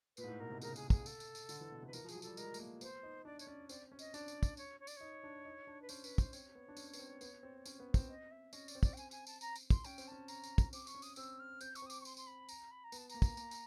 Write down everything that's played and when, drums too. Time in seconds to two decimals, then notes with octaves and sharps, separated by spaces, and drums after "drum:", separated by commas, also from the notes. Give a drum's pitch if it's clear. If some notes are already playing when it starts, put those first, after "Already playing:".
0.17 A#2 B4, drum: tambourine
0.23 G#2
0.28 A2
0.40 B2 A#4
0.50 C3
0.62 C#3 A#4, drum: tambourine
0.76 G#4, drum: tambourine
0.90 G#4, drum: kick, tambourine
1.06 A4, drum: tambourine
1.20 drum: tambourine
1.35 drum: tambourine
1.49 D3, drum: tambourine
1.61 E3
1.71 B2
1.82 C3
1.87 B4
1.93 E3 A#4, drum: tambourine
2.04 F3
2.08 G#4, drum: tambourine
2.15 F#3
2.22 G3 A4, drum: tambourine
2.37 G#3 A#4, drum: tambourine
2.54 A3, drum: tambourine
2.60 A#3
2.81 B3 C5, drum: tambourine
3.03 D#4
3.25 D4 D5
3.39 C#5, drum: tambourine
3.47 C#4 D5
3.69 C4 D5, drum: tambourine
3.92 C#4
3.99 D#5, drum: tambourine
4.14 D4 D5, drum: tambourine
4.28 drum: tambourine
4.43 drum: kick, tambourine
4.57 C#5, drum: tambourine
4.80 C#5
4.87 D5, drum: tambourine
4.96 D#4 C#5
5.24 D4
5.45 D#4
5.67 D4
5.82 B4
5.89 C#4 C5, drum: tambourine
6.04 B4, drum: tambourine
6.18 C5, drum: kick, tambourine
6.33 C4 C#5, drum: tambourine
6.55 B3
6.68 D4
6.77 C#4, drum: tambourine
6.94 B3, drum: tambourine
6.99 C4
7.21 B3, drum: tambourine
7.43 C4
7.66 C#4, drum: tambourine
7.80 B3
7.94 C4, drum: kick, tambourine
8.09 D#5
8.31 E5
8.53 C#4 D#5, drum: tambourine
8.68 D5, drum: tambourine
8.75 C4
8.83 D5, drum: kick, tambourine
8.93 G5
8.97 G#5, drum: tambourine
9.11 G#5, drum: tambourine
9.27 A5, drum: tambourine
9.41 A#5, drum: tambourine
9.56 drum: tambourine
9.70 C6, drum: kick, tambourine
9.84 C#4 G5, drum: tambourine
9.98 C4, drum: tambourine
10.07 C#4 A5
10.28 A#5, drum: tambourine
10.43 drum: tambourine
10.58 drum: kick, tambourine
10.73 C4 D6, drum: tambourine
10.87 C#6, drum: tambourine
10.94 C#4
11.02 D#6, drum: tambourine
11.16 C4 E6, drum: tambourine
11.39 F6
11.61 C4 G6, drum: tambourine
11.75 C#6, drum: tambourine
11.82 C4 D#6
11.90 D6, drum: tambourine
12.00 C#6
12.05 C6, drum: tambourine
12.17 C6, drum: tambourine
12.26 B5
12.49 A#5, drum: tambourine
12.71 B5
12.84 A#5
12.92 B3, drum: tambourine
12.97 A5
13.09 A#3 A#5, drum: tambourine
13.22 drum: kick, tambourine
13.37 A#3, drum: tambourine
13.51 drum: tambourine